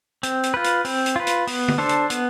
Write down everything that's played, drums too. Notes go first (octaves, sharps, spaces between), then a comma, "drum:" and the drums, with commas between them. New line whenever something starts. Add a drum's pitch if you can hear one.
C4, drum: hi-hat
drum: hi-hat
F4 B4
drum: hi-hat
C4, drum: open hi-hat
drum: hi-hat
F4 B4
drum: hi-hat
B3, drum: open hi-hat
drum: tom
D4 A4 C5
drum: hi-hat
B3, drum: hi-hat